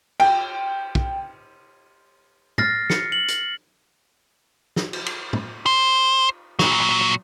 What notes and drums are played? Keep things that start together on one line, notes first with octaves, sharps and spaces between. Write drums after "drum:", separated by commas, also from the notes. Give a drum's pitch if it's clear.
G5, drum: cymbal
drum: kick
F6 A6 A#6 C7, drum: tom
C#7, drum: snare
F#7
drum: hi-hat
drum: snare
drum: cymbal
drum: cymbal
drum: tom
C5
A#2 F#3, drum: snare